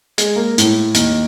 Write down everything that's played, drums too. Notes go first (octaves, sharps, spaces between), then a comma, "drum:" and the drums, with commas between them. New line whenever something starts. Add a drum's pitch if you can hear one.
G#3, drum: hi-hat
A#3
A2, drum: hi-hat
D#2, drum: hi-hat